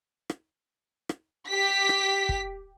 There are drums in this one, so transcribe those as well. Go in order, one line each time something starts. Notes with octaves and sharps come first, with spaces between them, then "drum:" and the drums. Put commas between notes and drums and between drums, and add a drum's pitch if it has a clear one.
drum: rim click
drum: rim click
G4 B6
drum: rim click
drum: kick